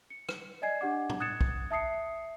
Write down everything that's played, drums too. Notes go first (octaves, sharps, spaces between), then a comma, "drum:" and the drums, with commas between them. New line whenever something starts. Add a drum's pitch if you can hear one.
C#7
drum: rim click
D5 D#5 G#5 G#6 C7
D4 G4 F#5 D6
drum: tom A2
D#6 F#6 G#6 A6 C#7 E7
drum: kick
E5 A5 D#6 C7 C#7